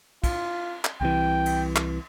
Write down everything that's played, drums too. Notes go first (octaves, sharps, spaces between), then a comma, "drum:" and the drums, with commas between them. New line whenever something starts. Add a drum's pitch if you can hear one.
F4, drum: kick, cymbal
drum: clap
C2 C3 E3 G5
drum: cymbal
drum: clap